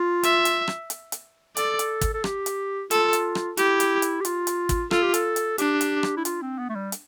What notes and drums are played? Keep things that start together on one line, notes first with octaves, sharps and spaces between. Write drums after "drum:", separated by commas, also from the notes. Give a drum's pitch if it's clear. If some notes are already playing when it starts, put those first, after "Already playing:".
Already playing: F4
E5, drum: hi-hat
drum: hi-hat
drum: rim click
drum: hi-hat
drum: hi-hat
A4 D5, drum: hi-hat
drum: hi-hat
drum: kick, hi-hat
A4
G4, drum: rim click
drum: hi-hat
F4 A4, drum: hi-hat
drum: hi-hat
drum: rim click
E4 G4, drum: hi-hat
drum: hi-hat
drum: hi-hat
G4
F4, drum: hi-hat
drum: hi-hat
drum: kick, hi-hat
F4 A4, drum: rim click
G4
A4, drum: hi-hat
drum: hi-hat
D4 G4, drum: hi-hat
drum: hi-hat
drum: rim click
E4
F4, drum: hi-hat
C4
B3
A3
G3
drum: hi-hat